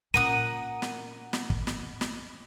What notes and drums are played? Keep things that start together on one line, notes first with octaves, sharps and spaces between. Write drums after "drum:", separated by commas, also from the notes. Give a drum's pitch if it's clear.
A#2 C#4 A#4 F#5 D#6 D#7
drum: snare
drum: snare
drum: kick
drum: snare
drum: snare